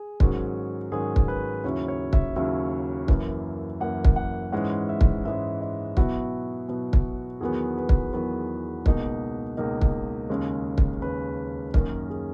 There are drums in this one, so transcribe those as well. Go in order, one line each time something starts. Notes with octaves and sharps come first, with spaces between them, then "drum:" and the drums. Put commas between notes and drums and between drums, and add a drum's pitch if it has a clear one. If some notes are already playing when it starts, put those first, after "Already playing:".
Already playing: G#4
G#2 D#3 F#3 C#4, drum: kick
G#2 D#3 F#3 C#4 G#4
drum: kick
B4
D#2 C#3 F#3 C#4 E4 C#5
C#5
E5, drum: kick
D#2 C#3 F#3 C#4 E4 E5
F#2 E3 A#3, drum: kick
F#2 E3 A#3 F#5
drum: kick
F#5
G#2 E3 G#3 C#4 F#5
E5
drum: kick
G#2 E3 G#3 C#4 E5
D#5
B2 F#3 B3 E4 F#4, drum: kick
B2 F#3 B3 E4
drum: kick
E2 D#3 F#3 B3 G#4
B4
drum: kick
E2 D#3 F#3 B3 B4
C#2 B2 A#3 D#4, drum: kick
C#2 B2 A#3 D#4 A#4
drum: kick
D#2 C#3 G#3 C#4
drum: kick
D#2 C#3 G#3 C#4 B4
F#2 D#3 A#3 C#4 A#4, drum: kick
G#4